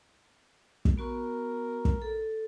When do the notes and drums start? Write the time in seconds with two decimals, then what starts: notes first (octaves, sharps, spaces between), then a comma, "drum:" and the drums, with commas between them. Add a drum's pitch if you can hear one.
0.85 drum: kick
0.98 B3 F#4 A#4 C#6
1.85 drum: kick
2.02 A4